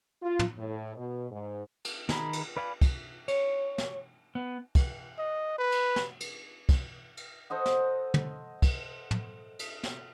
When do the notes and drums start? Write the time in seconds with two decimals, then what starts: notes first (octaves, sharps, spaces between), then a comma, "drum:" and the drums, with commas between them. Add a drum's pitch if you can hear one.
0.22 F4
0.39 drum: tom
0.58 A2
0.96 B2
1.31 G#2
1.85 drum: cymbal
2.09 D#3 G#4 A#5 B5, drum: snare
2.33 drum: cymbal
2.57 B4 D5 F5 G#5 B5
2.81 drum: kick, cymbal
3.28 C#5, drum: cymbal
3.78 drum: snare
4.35 B3
4.75 drum: kick, cymbal
5.18 D#5
5.59 B4
5.72 drum: cymbal
5.96 drum: snare
6.20 drum: cymbal
6.69 drum: kick, cymbal
7.17 drum: cymbal
7.50 A4 C5 D#5 F#5
7.66 drum: snare
8.14 drum: tom
8.62 drum: kick, cymbal
9.11 drum: tom
9.59 drum: cymbal
9.83 drum: snare